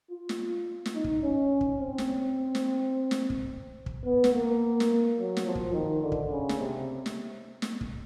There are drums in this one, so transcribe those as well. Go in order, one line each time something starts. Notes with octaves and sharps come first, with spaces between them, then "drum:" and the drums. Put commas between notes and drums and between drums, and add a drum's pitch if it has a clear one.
F4
drum: snare
drum: snare
D#4
drum: kick
C#4
drum: kick
C4
drum: snare
drum: snare
drum: snare
drum: kick
drum: kick
B3
drum: snare
A#3
drum: snare
F#3
drum: snare
F3
drum: kick
D#3
D3
drum: kick
C#3
drum: snare
C3
drum: snare
drum: snare
drum: kick